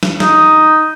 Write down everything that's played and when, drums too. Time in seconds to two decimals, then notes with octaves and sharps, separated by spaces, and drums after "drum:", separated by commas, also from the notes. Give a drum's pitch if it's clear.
0.03 drum: snare
0.20 D#4, drum: snare